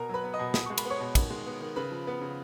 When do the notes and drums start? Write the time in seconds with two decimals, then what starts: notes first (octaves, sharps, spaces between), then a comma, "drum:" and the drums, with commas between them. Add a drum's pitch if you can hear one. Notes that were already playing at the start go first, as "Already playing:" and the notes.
Already playing: B2 A#4 A#5
0.09 F#3 B4 B5
0.24 B3
0.34 D#5 D#6
0.39 B2
0.54 B2 D#6, drum: snare
0.66 G#3 C#6
0.78 B5, drum: cymbal
0.85 B3
0.90 C#5 C#6
1.00 B2
1.15 D#3, drum: kick, cymbal
1.30 G#3
1.46 B3
1.61 D#3
1.76 C#3 B4 B5
1.91 F3
2.07 B3
2.21 C#3